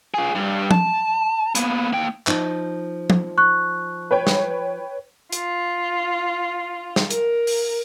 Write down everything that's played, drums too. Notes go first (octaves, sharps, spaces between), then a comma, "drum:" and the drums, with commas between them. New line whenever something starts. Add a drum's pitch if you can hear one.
F4 G#4
G2 G3
A5, drum: tom
A#3 B3, drum: hi-hat
A#3 G5
F3 D#4, drum: clap
drum: tom
C#6 F#6
B4 C#5 G5
drum: snare
F4, drum: hi-hat
drum: snare
A#4, drum: hi-hat
drum: open hi-hat